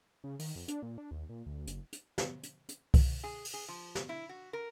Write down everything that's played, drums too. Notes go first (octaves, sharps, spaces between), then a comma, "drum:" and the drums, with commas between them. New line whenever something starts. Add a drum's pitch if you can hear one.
C#3
D#3, drum: open hi-hat
F2
D4, drum: hi-hat
A#2
D4
D#2
A#2
D2
F#1, drum: hi-hat
drum: hi-hat
drum: snare
drum: hi-hat
drum: hi-hat
drum: kick C2, open hi-hat
G#4
drum: open hi-hat
G#4
F3
drum: snare
E4
F#4
A#4